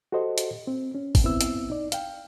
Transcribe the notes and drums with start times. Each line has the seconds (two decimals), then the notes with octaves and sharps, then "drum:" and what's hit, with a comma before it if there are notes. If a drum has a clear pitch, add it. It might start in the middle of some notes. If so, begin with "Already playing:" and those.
0.12 F#4 G4 A4 C5 D#5
0.38 drum: hi-hat
0.67 C4
0.95 C#4
1.15 drum: kick G#1, open hi-hat
1.24 B3 C4 E4 E6
1.41 drum: hi-hat
1.70 D#4 D5
1.92 F5 G5, drum: hi-hat